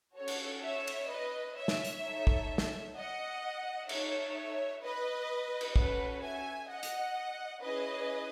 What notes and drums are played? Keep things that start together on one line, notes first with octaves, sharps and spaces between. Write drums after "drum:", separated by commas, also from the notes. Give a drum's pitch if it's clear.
C#4 F#4 A4 C#5
drum: cymbal
C#5 E5
drum: cymbal
B4 D#5
C#5 E5
drum: snare
drum: hi-hat
D#4 A4
drum: kick
drum: snare
D#5 F#5
D#4 A4 C#5 E5, drum: cymbal
B4 D#5
drum: cymbal
C#4 F#4 A4 B4, drum: kick
E5 G#5
D#5 F#5
drum: hi-hat
C#4 E4 G#4 B4 D#5